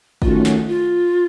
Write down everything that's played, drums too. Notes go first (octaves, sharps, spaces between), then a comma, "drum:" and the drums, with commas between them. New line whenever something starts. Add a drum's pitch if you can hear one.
D#3 A3 C#4 F4 F#4, drum: kick
drum: snare
F4